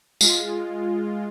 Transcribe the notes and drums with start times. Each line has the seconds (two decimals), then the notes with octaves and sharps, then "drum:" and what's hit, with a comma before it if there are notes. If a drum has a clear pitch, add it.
0.21 G#3 F4, drum: tambourine